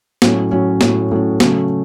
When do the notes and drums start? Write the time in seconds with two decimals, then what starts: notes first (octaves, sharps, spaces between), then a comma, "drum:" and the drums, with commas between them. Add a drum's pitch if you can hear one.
0.22 A2 F#3 C#4, drum: snare
0.51 A2 F#3 C#4
0.81 A2 F#3 C#4, drum: snare
1.12 A2 F#3 C#4
1.40 C#3 F#3 A3 C#4, drum: snare